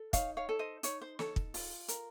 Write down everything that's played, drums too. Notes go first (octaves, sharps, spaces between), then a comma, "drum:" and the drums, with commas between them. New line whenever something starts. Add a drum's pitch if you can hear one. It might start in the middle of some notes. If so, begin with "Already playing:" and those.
Already playing: A4
D#4 C#5 F5, drum: kick, hi-hat
C#5 F5
A4
C5 D#5
D#4 C#5, drum: hi-hat
C5
A4 C#5, drum: snare
drum: kick
F4, drum: open hi-hat
A#4, drum: hi-hat